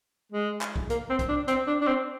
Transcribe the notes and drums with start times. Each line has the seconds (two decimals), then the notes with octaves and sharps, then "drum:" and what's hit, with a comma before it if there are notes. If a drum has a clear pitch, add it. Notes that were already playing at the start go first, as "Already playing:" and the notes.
0.32 G#3
0.61 drum: clap
0.76 drum: kick B1
0.90 A#3, drum: hi-hat
1.10 C4
1.19 drum: kick B1, hi-hat
1.29 D4
1.48 C4, drum: hi-hat
1.67 D4
1.81 D4
1.87 C4